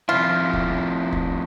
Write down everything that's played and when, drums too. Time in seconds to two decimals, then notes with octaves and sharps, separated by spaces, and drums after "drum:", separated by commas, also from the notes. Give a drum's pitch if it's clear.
0.09 C3 F3 E4 F4
0.53 drum: kick
1.12 drum: kick